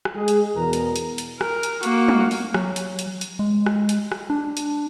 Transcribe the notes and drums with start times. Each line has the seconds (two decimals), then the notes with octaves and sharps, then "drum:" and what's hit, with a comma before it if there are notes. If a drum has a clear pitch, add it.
0.05 drum: rim click
0.15 G#3 G#4
0.28 drum: hi-hat
0.56 E2 B2 A#4 A#5
0.73 drum: hi-hat
0.96 drum: hi-hat
1.18 drum: hi-hat
1.41 A#4, drum: rim click
1.63 drum: hi-hat
1.83 A#3 F#4, drum: hi-hat
2.08 drum: tom
2.31 drum: open hi-hat
2.54 F#3, drum: rim click
2.76 drum: hi-hat
2.99 drum: hi-hat
3.21 drum: hi-hat
3.39 G#3
3.66 drum: rim click
3.89 drum: hi-hat
4.12 drum: rim click
4.30 D4
4.57 drum: hi-hat